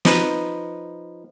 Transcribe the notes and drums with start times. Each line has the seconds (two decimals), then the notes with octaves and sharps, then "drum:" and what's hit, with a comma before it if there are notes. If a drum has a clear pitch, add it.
0.05 F3 D#4 B4, drum: snare